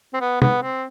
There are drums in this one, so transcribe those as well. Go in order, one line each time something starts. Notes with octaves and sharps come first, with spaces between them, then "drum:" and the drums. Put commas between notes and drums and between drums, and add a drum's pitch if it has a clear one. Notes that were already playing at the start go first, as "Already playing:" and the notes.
C4
B3
B3, drum: tom C3
C4